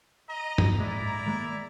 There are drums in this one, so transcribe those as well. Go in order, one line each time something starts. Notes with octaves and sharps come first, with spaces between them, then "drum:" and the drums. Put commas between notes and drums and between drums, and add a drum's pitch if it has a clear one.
D#5 A#5
drum: tom G2
A2 G#3 E4 D5
D#3 G#3 A#3